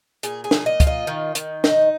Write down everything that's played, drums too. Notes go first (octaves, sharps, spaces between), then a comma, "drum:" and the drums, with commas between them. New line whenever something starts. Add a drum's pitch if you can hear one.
A#2 G#4, drum: hi-hat
G#4
A#2, drum: snare
D#5
F4, drum: kick, hi-hat
D#5
D#3
D#3, drum: hi-hat
D#4, drum: snare